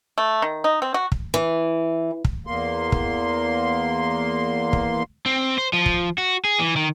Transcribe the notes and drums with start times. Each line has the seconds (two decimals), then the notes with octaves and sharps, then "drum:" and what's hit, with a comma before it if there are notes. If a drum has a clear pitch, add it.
0.18 A3
0.42 D#3
0.64 D#4
0.82 C4
0.94 F#4
1.12 drum: kick
1.34 E3
2.25 drum: kick
2.47 E2 A#3 C6
2.92 drum: kick
4.73 drum: kick
5.26 C4
5.58 C5
5.73 F3
5.86 drum: kick
6.18 F#4
6.44 G#4
6.59 E3
6.76 D#3